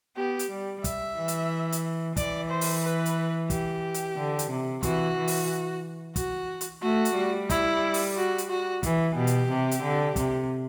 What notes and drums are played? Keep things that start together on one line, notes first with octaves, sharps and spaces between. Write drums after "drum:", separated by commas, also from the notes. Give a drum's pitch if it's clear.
B3 G4
drum: hi-hat
G3
E5, drum: kick, hi-hat
E3
drum: hi-hat
drum: hi-hat
E3 D5, drum: kick, hi-hat
C5
drum: open hi-hat
B4
drum: hi-hat
G4, drum: kick, hi-hat
drum: hi-hat
D3
drum: hi-hat
C3
E3 F#4, drum: kick, hi-hat
E3
drum: open hi-hat
F#4, drum: kick, hi-hat
drum: hi-hat
A3 F#4
drum: hi-hat
G3
E4, drum: kick, hi-hat
drum: open hi-hat
F#4
drum: hi-hat
F#4
E3, drum: kick, hi-hat
B2 G4
drum: hi-hat
C3
drum: hi-hat
D3
C3, drum: kick, hi-hat